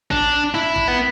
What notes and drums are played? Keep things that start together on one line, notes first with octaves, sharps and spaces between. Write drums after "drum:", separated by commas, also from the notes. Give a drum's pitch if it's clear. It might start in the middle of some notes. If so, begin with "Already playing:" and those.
D4, drum: kick G#1
E4
drum: kick G#1
B3